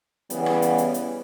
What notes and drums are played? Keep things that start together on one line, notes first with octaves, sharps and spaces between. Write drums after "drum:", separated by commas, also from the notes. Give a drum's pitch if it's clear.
C#3 E3 G3 B3, drum: hi-hat
drum: rim click
drum: hi-hat
drum: hi-hat
drum: hi-hat